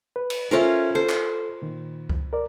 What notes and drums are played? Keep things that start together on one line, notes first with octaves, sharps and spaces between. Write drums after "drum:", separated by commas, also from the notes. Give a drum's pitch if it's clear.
B4
drum: cymbal
C#4 F4 A4 A#4 C5 E5
A4 C5
drum: clap
A#2 D#3
drum: kick C#2
A#4 D5